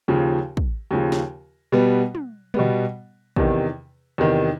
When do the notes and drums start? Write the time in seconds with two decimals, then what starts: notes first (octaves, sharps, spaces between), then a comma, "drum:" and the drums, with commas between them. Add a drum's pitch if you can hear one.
0.08 D#2 C#3 F3
0.57 drum: kick
0.91 D#2 C#3 F3
1.12 drum: snare
1.72 B2 G3 B3
2.15 drum: tom
2.54 B2 G3 B3, drum: tom
3.36 E2 C3 D#3, drum: kick
4.18 E2 C3 D#3